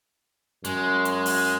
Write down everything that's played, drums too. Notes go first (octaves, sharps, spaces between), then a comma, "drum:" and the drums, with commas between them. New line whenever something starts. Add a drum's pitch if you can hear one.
F#2 G#3, drum: hi-hat
drum: hi-hat
drum: open hi-hat